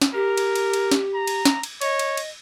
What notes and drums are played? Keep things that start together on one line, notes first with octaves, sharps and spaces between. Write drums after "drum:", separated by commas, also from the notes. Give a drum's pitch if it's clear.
drum: snare
G4 A#4
drum: cymbal
drum: cymbal
drum: cymbal
drum: snare
A#5
drum: cymbal
drum: snare
drum: cymbal
C#5 D#5, drum: cymbal
drum: cymbal
drum: cymbal